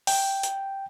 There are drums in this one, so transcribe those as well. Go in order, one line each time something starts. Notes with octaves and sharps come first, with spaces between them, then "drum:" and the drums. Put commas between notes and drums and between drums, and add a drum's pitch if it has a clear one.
G5, drum: open hi-hat
drum: hi-hat